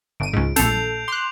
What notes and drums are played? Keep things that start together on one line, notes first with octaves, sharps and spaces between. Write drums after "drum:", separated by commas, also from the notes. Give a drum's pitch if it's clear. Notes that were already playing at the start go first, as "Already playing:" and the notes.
G1 D7 D#7
C#2 G#2
A#1 A4 G6 C7 F7, drum: snare
C7
C6 D6 F#6